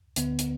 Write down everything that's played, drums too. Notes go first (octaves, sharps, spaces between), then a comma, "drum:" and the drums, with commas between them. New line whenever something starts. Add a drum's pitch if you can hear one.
D2 D3 B3, drum: hi-hat
drum: hi-hat